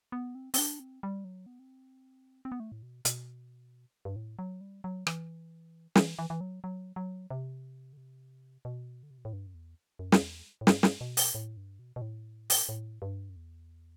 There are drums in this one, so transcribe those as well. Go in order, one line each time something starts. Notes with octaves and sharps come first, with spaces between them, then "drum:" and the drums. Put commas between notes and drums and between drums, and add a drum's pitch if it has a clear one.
B3
C4
C4, drum: open hi-hat
D4
C4
G3
F#3
B3
C4
C4
B3
A3
A2
B2
B2, drum: hi-hat
G2
A2
F#3
G3
F#3
E3, drum: rim click
E3, drum: snare
E3
E3
F#3
F#3
F#3
C3
D3
C3
B2
D3
C3
B2
A2
G2
F#2
E2
F#2
drum: snare
E2
A2
G2, drum: snare
drum: snare
B2
drum: open hi-hat
A2
G2
B2
B2
A2
drum: open hi-hat
A2
G2
F#2
E2